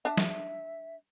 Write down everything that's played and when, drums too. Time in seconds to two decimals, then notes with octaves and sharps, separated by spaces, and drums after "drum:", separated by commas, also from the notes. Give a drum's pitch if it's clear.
0.05 D4 E5 A5
0.18 drum: snare